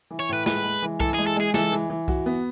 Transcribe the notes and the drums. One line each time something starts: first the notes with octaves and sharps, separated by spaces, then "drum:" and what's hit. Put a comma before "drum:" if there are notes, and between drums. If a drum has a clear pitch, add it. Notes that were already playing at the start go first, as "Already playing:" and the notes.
E3
C#5
A2 B4
G#3 B4, drum: snare
G#3
E3
E3 A4, drum: kick C2
G#3 G#4
A4
G#3 G#4
E3 A4, drum: snare
E3
E3
F#4, drum: kick C2
B3